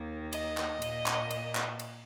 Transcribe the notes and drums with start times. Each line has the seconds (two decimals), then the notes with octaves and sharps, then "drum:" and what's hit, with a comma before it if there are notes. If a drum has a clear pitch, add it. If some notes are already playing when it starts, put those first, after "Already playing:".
Already playing: D#2 D#3 A#3
0.33 D#5, drum: cymbal
0.57 drum: clap
0.82 A#2 A#3, drum: cymbal
1.06 drum: clap
1.31 drum: cymbal
1.55 drum: clap
1.79 drum: cymbal